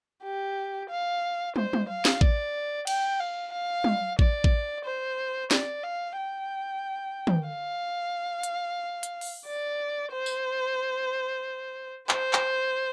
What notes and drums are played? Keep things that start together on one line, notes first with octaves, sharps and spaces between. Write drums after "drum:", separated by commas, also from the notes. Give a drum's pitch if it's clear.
G4
F5
C5, drum: tom
drum: tom
F5
drum: snare
D5, drum: kick A1
G5, drum: cymbal
F5
F5
drum: tom
D5, drum: kick A1
drum: kick A1
C5
D5, drum: snare
F5
G5
drum: tom
F5
drum: hi-hat
drum: hi-hat
drum: open hi-hat
D5
C5
drum: tambourine
C5, drum: clap
drum: clap